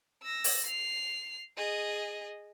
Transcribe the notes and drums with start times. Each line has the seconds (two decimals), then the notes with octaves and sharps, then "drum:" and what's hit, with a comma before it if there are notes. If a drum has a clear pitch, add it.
0.23 E6 A#6
0.44 drum: open hi-hat
0.66 C7 F7
1.57 G#4 D#5